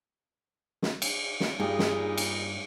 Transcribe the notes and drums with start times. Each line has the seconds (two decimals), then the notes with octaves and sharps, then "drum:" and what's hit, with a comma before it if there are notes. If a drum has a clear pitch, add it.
0.82 drum: snare
1.02 drum: cymbal
1.40 drum: snare
1.60 G2 A#2 B3 D#4 G#4
1.79 drum: snare
2.18 drum: cymbal